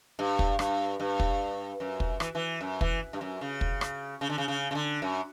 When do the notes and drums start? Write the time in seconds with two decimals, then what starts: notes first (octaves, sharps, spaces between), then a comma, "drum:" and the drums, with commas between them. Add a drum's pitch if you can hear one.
0.19 G2
0.39 drum: kick
0.59 G2, drum: rim click
1.00 G2
1.20 drum: kick
1.80 F#2
2.00 drum: kick
2.20 E3, drum: rim click
2.35 E3
2.61 F#2
2.81 E3, drum: kick
3.13 G2
3.21 F#2
3.41 C#3
3.61 drum: kick
3.81 drum: rim click
4.21 C#3
4.30 D3
4.38 C#3
4.48 C#3
4.71 C#3
4.75 D3
5.02 F#2